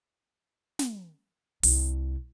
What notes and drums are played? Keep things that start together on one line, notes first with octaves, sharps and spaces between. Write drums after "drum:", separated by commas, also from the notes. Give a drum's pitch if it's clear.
drum: snare
C2, drum: open hi-hat